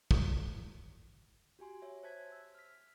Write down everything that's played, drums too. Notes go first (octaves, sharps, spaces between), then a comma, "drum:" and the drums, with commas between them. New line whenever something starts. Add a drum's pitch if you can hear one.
drum: kick
F#4 G4 G#5 C6
C#5 E5
C5 E5 A5 G#6 B6
E6
F6 B6